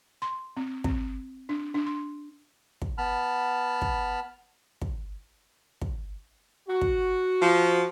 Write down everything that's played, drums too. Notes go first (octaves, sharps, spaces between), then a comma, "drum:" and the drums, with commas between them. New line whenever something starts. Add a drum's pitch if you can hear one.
C6
C4
C4, drum: kick
D4
D4
C6
drum: kick
B3 A5 B5 F6
drum: kick
drum: kick
drum: kick
F#4
drum: kick
F3